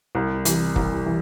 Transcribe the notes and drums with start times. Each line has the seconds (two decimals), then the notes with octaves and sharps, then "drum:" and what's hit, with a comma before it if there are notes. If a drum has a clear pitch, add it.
0.15 C2
0.45 C3 E3, drum: hi-hat
0.76 C2, drum: kick F#1
1.06 E3